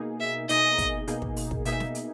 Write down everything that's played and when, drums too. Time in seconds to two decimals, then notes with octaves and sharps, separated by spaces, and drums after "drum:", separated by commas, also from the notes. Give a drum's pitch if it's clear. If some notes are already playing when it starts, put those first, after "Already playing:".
Already playing: B2 A#3 D#4 G#4
0.20 E5
0.49 B2 A#3 D#4 G#4 D#5, drum: hi-hat
0.78 drum: kick, hi-hat
1.07 B2 A#3 D#4 G#4, drum: hi-hat
1.22 drum: kick
1.36 drum: open hi-hat
1.51 drum: kick
1.65 B2 A#3 D#4 G#4 E5, drum: hi-hat
1.80 drum: snare
1.95 drum: hi-hat